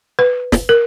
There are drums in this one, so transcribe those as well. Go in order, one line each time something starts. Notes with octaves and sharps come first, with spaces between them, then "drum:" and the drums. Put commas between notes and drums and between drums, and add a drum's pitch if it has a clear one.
B4
drum: snare
A#4